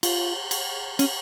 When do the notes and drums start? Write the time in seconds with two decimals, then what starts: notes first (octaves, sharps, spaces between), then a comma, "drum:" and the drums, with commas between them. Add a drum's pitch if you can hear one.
0.03 F4, drum: cymbal
0.51 drum: cymbal
0.99 C#4, drum: cymbal